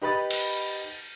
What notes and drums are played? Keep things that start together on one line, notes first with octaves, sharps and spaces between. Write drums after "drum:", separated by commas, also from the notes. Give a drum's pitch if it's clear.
D#4 G4 B4 B5 D#6 A6
drum: cymbal